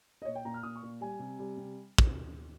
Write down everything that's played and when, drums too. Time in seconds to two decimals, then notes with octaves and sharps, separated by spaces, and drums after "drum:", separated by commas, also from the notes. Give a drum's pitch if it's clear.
0.22 D#5
0.25 A#2 C#5
0.35 G5
0.45 A#2 A#5
0.54 F6
0.63 A#2 D#6
0.76 C#6
0.83 A#2
1.01 G3 G#5
1.19 C3
1.39 G3
1.57 C3
1.98 drum: kick